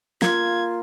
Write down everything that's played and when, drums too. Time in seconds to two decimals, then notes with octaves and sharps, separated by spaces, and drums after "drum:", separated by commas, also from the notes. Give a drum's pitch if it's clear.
0.22 A#3 F4 G#6, drum: snare